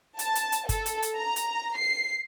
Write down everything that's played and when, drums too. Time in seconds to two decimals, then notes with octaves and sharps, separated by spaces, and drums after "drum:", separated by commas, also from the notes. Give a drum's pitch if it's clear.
0.19 A5, drum: hi-hat
0.35 drum: hi-hat
0.52 drum: hi-hat
0.69 A4, drum: kick, hi-hat
0.86 drum: hi-hat
1.02 drum: hi-hat
1.16 A#5
1.36 drum: hi-hat
1.78 C7